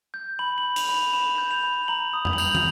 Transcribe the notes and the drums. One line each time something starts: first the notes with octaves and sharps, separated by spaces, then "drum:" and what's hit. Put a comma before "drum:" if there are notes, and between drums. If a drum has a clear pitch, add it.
G6
B5 F#7
F#7
B5
F7, drum: hi-hat
B5
F7
B5 E7
G6
F7
B5
A#5 F#7
D#6
F7, drum: tom F2
F#7
G6 F7, drum: tambourine
F#7
F7, drum: tom